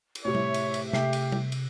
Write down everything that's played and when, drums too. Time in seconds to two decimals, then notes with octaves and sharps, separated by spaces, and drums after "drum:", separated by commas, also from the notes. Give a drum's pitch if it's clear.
0.15 drum: cymbal
0.25 A2 C3 G4 C#5 E5
0.35 drum: tom G3
0.54 drum: cymbal
0.74 drum: cymbal
0.93 C3 A3 G4 C7, drum: snare
1.13 drum: cymbal
1.32 drum: tom G3
1.52 drum: cymbal